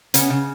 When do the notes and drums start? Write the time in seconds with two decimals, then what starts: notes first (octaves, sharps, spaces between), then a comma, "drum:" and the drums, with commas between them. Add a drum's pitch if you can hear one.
0.14 C#3 B3 C#4, drum: hi-hat
0.30 C#3